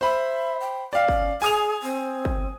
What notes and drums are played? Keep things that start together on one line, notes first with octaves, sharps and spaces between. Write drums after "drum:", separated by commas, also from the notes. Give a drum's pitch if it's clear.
C5 E5 B5
G5
D5 F5 G5
C#4, drum: kick
G#4 G#5 D#6 F7
C4
drum: kick